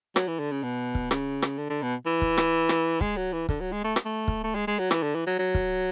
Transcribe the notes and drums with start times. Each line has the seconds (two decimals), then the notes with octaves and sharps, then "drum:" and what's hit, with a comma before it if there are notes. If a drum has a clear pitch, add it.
0.16 F#3, drum: rim click
0.28 E3
0.39 D3
0.52 C#3
0.63 B2
0.95 drum: kick
1.11 C#3, drum: rim click
1.42 drum: rim click
1.58 D3
1.70 D3
1.82 B2
2.06 E3
2.22 drum: kick
2.37 drum: rim click
2.69 drum: rim click
3.01 G#3, drum: kick
3.17 F#3
3.33 E3
3.49 D3, drum: kick
3.61 F#3
3.72 G#3
3.84 A3
3.96 drum: rim click
4.05 A3
4.28 drum: kick
4.44 A3
4.55 G#3
4.67 G#3
4.79 F#3
4.91 E3, drum: rim click
5.03 D3
5.15 E3
5.27 F#3
5.39 F#3
5.55 drum: kick